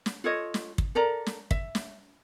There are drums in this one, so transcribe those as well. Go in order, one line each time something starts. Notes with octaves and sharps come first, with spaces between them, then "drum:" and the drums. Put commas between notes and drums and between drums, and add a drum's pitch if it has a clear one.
drum: snare
F4 A4 C#5 D#5
drum: snare
drum: kick
A4 A#4 D5 A#5
drum: snare
E5, drum: kick
drum: snare